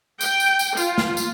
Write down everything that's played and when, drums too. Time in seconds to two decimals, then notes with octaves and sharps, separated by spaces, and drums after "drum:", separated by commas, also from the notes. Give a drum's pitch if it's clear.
0.21 G5, drum: tambourine
0.40 drum: tambourine
0.59 drum: tambourine
0.77 F4, drum: tambourine
0.98 drum: snare
1.17 drum: tambourine